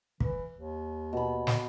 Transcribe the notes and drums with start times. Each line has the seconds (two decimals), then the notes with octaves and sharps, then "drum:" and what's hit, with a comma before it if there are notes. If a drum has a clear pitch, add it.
0.20 E3, drum: kick
0.52 D#2
1.13 B2 B5
1.47 drum: snare